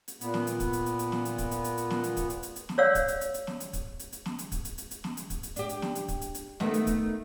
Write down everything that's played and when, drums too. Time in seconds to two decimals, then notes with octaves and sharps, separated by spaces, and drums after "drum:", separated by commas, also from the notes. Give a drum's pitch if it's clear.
0.08 drum: hi-hat
0.21 A#2 B3, drum: hi-hat
0.34 drum: snare
0.47 drum: hi-hat
0.60 drum: kick, hi-hat
0.73 drum: hi-hat
0.86 drum: hi-hat
0.99 drum: hi-hat
1.12 drum: snare
1.25 drum: hi-hat
1.38 drum: kick, hi-hat
1.51 drum: hi-hat
1.64 drum: hi-hat
1.77 drum: hi-hat
1.90 drum: snare
2.04 drum: hi-hat
2.17 drum: kick, hi-hat
2.30 drum: hi-hat
2.43 drum: hi-hat
2.56 drum: hi-hat
2.69 drum: snare
2.78 C#5 D5 F5 F#5 E6
2.95 drum: kick, hi-hat
3.08 drum: hi-hat
3.21 drum: hi-hat
3.34 drum: hi-hat
3.47 drum: snare
3.60 drum: hi-hat
3.73 drum: kick, hi-hat
3.99 drum: hi-hat
4.12 drum: hi-hat
4.26 drum: snare
4.39 drum: hi-hat
4.52 drum: kick, hi-hat
4.65 drum: hi-hat
4.78 drum: hi-hat
4.91 drum: hi-hat
5.04 drum: snare
5.17 drum: hi-hat
5.30 drum: kick, hi-hat
5.43 drum: hi-hat
5.56 D4 G4, drum: hi-hat
5.69 drum: hi-hat
5.82 drum: snare
5.95 drum: hi-hat
6.08 drum: kick, hi-hat
6.21 drum: hi-hat
6.35 drum: hi-hat
6.60 D#3 A3 B3, drum: snare
6.74 drum: hi-hat
6.87 drum: kick, hi-hat